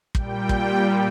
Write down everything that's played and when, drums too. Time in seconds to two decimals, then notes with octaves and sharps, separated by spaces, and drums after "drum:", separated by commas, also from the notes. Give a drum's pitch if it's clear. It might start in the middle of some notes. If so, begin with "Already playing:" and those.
0.15 A#2 G3 G5, drum: kick
0.49 drum: kick